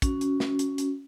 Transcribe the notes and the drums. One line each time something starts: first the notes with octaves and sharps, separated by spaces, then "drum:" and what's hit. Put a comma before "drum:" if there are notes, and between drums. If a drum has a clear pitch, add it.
C#4 F#4, drum: kick, hi-hat
drum: hi-hat
drum: snare
drum: hi-hat
drum: hi-hat